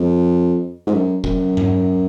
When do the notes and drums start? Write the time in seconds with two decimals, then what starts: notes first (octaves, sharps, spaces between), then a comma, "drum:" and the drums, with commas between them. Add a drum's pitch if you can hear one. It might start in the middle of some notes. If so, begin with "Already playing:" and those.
Already playing: F2
0.87 G#2
0.93 F#2
1.24 F#2, drum: kick F1
1.57 drum: tom G2